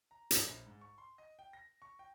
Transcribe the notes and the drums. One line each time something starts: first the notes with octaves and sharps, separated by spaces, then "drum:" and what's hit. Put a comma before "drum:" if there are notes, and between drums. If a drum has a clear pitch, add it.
A#5
F3, drum: hi-hat
A#1
G#2
C#6
C6
D#5
G5
A#6
C#6
G5